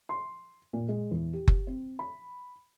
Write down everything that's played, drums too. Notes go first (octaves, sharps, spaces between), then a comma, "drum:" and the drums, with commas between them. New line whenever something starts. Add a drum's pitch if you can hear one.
C6
A#2
G#3
E2
G4
drum: kick F#1
C4
B5